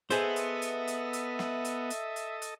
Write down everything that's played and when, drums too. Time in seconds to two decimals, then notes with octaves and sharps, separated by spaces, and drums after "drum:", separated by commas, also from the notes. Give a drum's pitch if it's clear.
0.10 B3 G#4 A4 C5 D#5 E5, drum: hi-hat
0.36 drum: hi-hat
0.62 drum: hi-hat
0.88 drum: hi-hat
1.13 drum: hi-hat
1.39 drum: snare
1.65 drum: hi-hat
1.90 drum: hi-hat
2.16 drum: hi-hat
2.42 drum: hi-hat